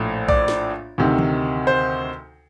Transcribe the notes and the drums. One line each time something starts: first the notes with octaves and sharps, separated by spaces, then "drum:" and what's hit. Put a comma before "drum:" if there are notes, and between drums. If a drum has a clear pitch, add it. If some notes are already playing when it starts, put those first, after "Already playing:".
Already playing: A#1 A2
D5, drum: kick B1
drum: snare
D2 C3 D#3
drum: tom D#3
C5